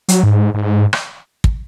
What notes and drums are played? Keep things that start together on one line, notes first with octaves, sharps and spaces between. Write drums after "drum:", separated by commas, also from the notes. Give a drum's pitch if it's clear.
F#3, drum: hi-hat
G#2
G#2
drum: rim click
drum: kick